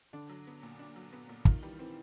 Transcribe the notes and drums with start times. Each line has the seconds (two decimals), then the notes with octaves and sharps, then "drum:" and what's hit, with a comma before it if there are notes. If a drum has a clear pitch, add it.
0.13 D3 D4
0.29 F#3
0.47 B3
0.63 A#2
0.79 D4
0.96 F#3
1.13 B3
1.29 A#2
1.45 D#3 F4, drum: kick
1.63 E3 G3
1.79 E3 C4